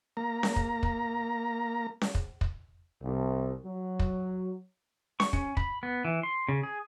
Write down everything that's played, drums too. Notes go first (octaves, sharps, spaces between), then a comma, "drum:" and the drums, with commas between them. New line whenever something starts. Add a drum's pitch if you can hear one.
A#3 A#5
drum: snare C#4
drum: kick
drum: kick
drum: snare C#4
drum: kick
drum: kick
C2
F#3
drum: kick
C#6, drum: snare C#4
C#4, drum: kick
B5, drum: kick
B3
E3
C6
C#3
G#4